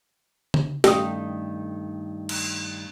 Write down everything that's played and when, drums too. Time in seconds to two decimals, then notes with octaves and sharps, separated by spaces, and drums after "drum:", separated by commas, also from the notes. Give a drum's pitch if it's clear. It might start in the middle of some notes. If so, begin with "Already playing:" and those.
0.54 drum: tom C#3
0.84 G2 D#3 A3 C#4 D#6, drum: snare
2.29 drum: cymbal